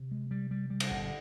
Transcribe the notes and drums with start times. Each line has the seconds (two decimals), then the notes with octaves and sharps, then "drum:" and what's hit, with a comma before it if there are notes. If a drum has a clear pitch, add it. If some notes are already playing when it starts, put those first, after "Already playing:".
Already playing: C3
0.11 G#3
0.31 G3
0.51 G3
0.70 G3
0.80 drum: cymbal
0.90 G1 A#2